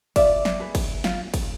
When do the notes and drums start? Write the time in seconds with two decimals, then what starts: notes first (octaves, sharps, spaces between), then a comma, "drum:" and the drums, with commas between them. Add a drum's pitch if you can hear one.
0.16 F4 D5 E5, drum: kick, cymbal
0.45 drum: snare
0.60 G#4 B4
0.75 drum: kick, cymbal
1.04 F4, drum: snare
1.34 drum: kick, cymbal